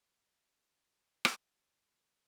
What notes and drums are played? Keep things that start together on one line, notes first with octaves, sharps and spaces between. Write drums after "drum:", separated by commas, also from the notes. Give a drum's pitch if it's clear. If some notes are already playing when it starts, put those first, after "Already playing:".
C#4
D5
C#4
B3
drum: rim click
F#3 D5
D5